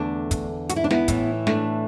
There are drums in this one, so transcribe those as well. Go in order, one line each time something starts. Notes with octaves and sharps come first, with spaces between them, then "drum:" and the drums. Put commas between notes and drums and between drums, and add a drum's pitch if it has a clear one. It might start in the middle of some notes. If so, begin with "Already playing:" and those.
Already playing: E2 D3 A3 D4
drum: kick, hi-hat
F#4, drum: hi-hat
E4
D4
B3 E4, drum: snare
A2 E3, drum: kick, hi-hat
A3 D4, drum: snare